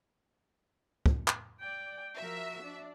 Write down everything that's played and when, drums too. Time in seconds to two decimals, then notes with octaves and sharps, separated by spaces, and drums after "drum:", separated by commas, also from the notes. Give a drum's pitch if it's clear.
1.06 drum: kick
1.28 drum: clap
1.60 D5 G5
2.17 F3 F#4 A#4 E5
2.62 D4